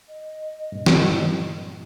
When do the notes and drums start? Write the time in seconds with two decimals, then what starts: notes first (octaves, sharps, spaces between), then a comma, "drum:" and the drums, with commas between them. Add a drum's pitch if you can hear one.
0.08 D#5
0.72 G2 A#2
0.86 drum: snare